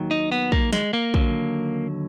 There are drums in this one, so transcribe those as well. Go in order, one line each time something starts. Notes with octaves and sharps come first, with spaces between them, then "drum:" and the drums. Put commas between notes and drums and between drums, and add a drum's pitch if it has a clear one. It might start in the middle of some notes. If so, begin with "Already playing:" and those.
Already playing: D#2 D#3 F#3
D#4
B3
A#3, drum: kick
G#3, drum: snare
A#3
D#2 D3 F#3, drum: kick